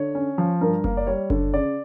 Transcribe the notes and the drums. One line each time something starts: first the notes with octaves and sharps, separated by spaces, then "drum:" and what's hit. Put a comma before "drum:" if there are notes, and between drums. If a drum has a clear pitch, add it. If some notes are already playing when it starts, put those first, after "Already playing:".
Already playing: D3 C#5
C#4
F3
G2 A#4
A#3, drum: kick F#1
D5
G3 C#5
D3, drum: kick F#1
C#3 D5